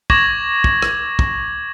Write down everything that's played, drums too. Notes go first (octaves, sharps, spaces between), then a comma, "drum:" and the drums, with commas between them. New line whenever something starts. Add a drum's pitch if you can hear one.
C#6 D6 G#6 A#6 E7 F#7, drum: kick
drum: kick
drum: rim click
drum: kick